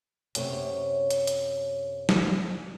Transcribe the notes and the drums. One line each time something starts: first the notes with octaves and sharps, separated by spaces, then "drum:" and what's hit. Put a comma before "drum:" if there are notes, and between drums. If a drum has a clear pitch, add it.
F#2 C3 C#5, drum: hi-hat
drum: hi-hat
drum: hi-hat
drum: snare